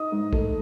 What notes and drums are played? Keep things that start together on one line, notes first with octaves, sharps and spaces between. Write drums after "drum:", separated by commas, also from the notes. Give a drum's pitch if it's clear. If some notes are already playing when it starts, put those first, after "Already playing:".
Already playing: D#4 D#5 D#6
G#2
A3, drum: kick